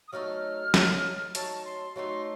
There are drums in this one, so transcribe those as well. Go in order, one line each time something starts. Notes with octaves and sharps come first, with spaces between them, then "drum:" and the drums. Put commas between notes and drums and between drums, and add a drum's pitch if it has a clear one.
D#6
F#3 A3 D#4 A4 F6
F#3 A3 D#4 A4, drum: snare
F#3 A3 D#4 A4 A5, drum: hi-hat
C6
F#3 A3 D#4 A4 C6